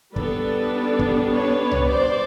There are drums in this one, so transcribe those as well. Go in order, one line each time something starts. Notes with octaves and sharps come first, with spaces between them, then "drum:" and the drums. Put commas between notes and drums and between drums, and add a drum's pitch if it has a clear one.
G3 B3 D4 A4 B4, drum: kick
drum: kick
B4 C#5
drum: tom C2
C5 D5